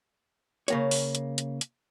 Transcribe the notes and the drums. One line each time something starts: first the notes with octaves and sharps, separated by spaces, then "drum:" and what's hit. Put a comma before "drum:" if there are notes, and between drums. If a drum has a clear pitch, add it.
C#3 A#3 C#5, drum: hi-hat
drum: open hi-hat
drum: hi-hat
drum: hi-hat
drum: hi-hat